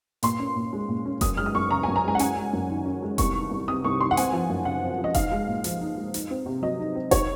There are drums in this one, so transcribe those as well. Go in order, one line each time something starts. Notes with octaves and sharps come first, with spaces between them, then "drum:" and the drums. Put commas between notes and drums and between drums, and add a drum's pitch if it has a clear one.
A#2 C6, drum: hi-hat
C#4
A#2
G#3
A#2
C#4
F#2 D#6, drum: kick F1, hi-hat
G#3 F6
D#6
F#2 C#6
C#3 A#5
F#2 G#5
A#5
G#3 G#5
F#5
C#4 G#5, drum: hi-hat
G#3
F#2
D#3
C#4
G#3
C2 C#6, drum: kick F1, hi-hat
D#3
C2
C3 D#6
C2 C#6
D#3 C6
F#5
C4 G#5, drum: hi-hat
F3
F#2
C#3 F#5
C4
F3
D#5
D#4 F5, drum: kick F1, hi-hat
G#3
A#2
F3, drum: hi-hat
D#4
G#3
D#4, drum: hi-hat
C4
C3
F#3 D#5
D#4
C4
D#4 C#5, drum: kick F1, hi-hat